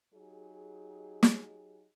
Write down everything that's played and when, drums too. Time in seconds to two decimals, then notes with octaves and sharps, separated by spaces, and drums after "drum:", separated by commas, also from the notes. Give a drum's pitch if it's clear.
0.14 F#3 D#4 G4 G#4
1.23 drum: snare